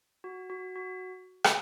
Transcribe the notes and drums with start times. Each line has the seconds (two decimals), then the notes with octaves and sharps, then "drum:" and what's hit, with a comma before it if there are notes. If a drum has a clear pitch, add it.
0.24 F#4
0.50 F#4
0.75 F#4
1.44 drum: rim click